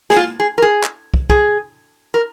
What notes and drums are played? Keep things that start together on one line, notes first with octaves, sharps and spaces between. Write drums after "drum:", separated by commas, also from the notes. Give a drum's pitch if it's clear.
G#4, drum: snare
F4
G#4
A#4
G#4
drum: clap
drum: kick
G#4, drum: kick
A#4